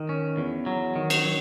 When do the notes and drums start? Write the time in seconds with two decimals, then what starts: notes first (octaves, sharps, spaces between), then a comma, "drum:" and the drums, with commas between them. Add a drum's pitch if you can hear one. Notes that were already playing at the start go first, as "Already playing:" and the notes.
Already playing: D#3
0.09 C#4
0.37 E2
0.66 F#3
0.96 D#3
1.10 drum: cymbal
1.25 F#3